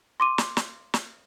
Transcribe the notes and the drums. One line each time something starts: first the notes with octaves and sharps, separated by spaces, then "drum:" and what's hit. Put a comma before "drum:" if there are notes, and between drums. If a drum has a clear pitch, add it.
C6 D6 D#7
drum: snare
drum: snare
drum: snare